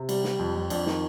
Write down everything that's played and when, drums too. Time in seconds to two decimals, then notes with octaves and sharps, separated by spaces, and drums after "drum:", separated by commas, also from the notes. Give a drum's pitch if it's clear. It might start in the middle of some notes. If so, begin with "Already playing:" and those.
Already playing: C3
0.09 G3, drum: cymbal
0.24 G3, drum: snare
0.39 F2
0.55 F2
0.70 F2 D4, drum: cymbal
0.86 D#3, drum: snare